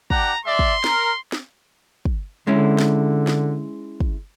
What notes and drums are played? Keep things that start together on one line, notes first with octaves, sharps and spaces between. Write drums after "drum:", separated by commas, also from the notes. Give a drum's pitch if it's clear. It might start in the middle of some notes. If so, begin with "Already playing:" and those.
D4 G4 F#5 A#5, drum: kick
G#3 D5 E5 C6
drum: kick
A#4, drum: snare
drum: snare
drum: kick
D3 G#3 C#4 E4
drum: snare
drum: snare
drum: kick